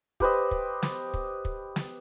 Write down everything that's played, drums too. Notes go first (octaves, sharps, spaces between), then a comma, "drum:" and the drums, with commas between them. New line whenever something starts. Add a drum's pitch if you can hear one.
G4 B4 C5 D#5, drum: kick
drum: kick
drum: snare
drum: kick
drum: kick
drum: snare